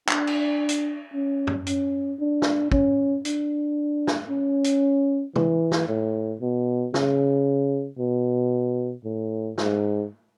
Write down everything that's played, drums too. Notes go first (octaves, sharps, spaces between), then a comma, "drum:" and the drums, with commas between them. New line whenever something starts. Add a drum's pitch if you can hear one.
D4, drum: clap
drum: cymbal
drum: hi-hat
C#4
drum: tom F#2
C#4, drum: hi-hat
D4
drum: snare
C#4, drum: kick
D4, drum: hi-hat
drum: snare
C#4
drum: hi-hat
E3, drum: tom
drum: snare
A2
B2
C#3, drum: snare
B2
A2
G#2, drum: snare